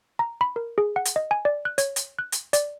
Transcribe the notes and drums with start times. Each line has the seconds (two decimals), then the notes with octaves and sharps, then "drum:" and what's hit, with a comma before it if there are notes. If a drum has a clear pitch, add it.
0.19 A#5
0.41 B5
0.56 A#4
0.78 G#4
0.96 F#5
1.05 drum: hi-hat
1.16 D#5
1.31 G#5
1.45 D5
1.65 F#6
1.78 C#5, drum: hi-hat
1.96 drum: hi-hat
2.19 F#6
2.32 drum: hi-hat
2.53 D5, drum: hi-hat